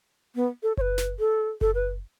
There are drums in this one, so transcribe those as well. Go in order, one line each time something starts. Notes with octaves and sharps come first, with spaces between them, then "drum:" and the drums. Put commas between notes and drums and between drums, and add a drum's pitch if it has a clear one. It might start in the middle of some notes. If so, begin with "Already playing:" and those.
B3
A4
C#5, drum: kick F#1
B4
drum: snare
A4
A4, drum: kick F#1
B4